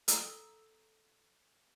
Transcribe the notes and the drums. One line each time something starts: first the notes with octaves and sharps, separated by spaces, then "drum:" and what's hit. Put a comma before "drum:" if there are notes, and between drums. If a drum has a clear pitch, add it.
A4 A#5 E6, drum: hi-hat